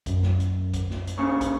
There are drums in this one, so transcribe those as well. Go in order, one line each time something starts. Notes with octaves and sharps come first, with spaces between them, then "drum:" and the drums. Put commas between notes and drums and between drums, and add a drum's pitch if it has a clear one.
F#2, drum: kick, hi-hat
drum: snare
drum: hi-hat
drum: kick, hi-hat
drum: snare
drum: hi-hat
A#2 C#3 C#6
drum: kick, hi-hat